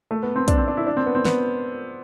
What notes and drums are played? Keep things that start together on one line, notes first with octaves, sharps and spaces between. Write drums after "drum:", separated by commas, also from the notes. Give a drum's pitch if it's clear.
A3
B3
C4
D4, drum: kick, hi-hat
C4
D4
E4
D4
C4
B3
C4
B3, drum: snare